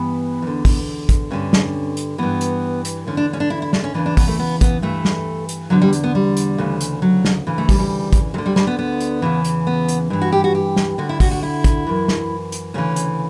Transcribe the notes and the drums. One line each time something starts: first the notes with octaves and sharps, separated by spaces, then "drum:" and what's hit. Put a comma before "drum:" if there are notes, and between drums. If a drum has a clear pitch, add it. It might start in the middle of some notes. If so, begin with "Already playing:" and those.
Already playing: G2 E3 B3
E2 D3
drum: kick, open hi-hat
drum: kick, hi-hat
G2 D3 C#4
drum: snare
drum: hi-hat
G2 E3 B3
drum: hi-hat
drum: hi-hat
E2 D3 C#4
D4
C#4
D4
E4
E4
D4, drum: snare
C#4
E2 C#3 E3 D4
D4
B3, drum: kick, open hi-hat
A3
B3
B3, drum: kick, hi-hat
G2 E3 A3
drum: snare
drum: hi-hat
E2 D3 F#3
G3
drum: hi-hat
B3
G3
drum: hi-hat
D2 C#3 E3
drum: hi-hat
F#3
drum: snare
D2 C#3 E3
A3
G3, drum: kick, open hi-hat
G3
drum: kick, hi-hat
D2 D3 F#3
G3
G3, drum: snare
B3
B3
drum: hi-hat
E2 C#3 E3
drum: hi-hat
B3
drum: hi-hat
G2 E3
F#4
G4
F#4
G4
drum: snare
D2 D3 F#4
E4
F#4, drum: kick, open hi-hat
F#4
E4
drum: kick, hi-hat
F#2 E3
drum: snare
drum: hi-hat
D2 C#3 E3 C#4
drum: hi-hat